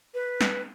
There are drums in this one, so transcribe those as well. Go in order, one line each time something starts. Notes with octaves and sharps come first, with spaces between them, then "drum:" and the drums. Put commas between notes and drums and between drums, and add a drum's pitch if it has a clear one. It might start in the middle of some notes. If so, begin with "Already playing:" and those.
B4
drum: snare